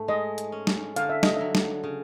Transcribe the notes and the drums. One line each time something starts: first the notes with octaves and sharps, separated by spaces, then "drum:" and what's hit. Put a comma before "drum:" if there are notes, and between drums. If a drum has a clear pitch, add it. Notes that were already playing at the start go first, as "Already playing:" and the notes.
Already playing: G#2 A3
G#3 D#5
drum: hi-hat
C#4
drum: snare
D3 F5, drum: hi-hat
E5
D#5, drum: snare
F#3 E5
drum: snare
C#3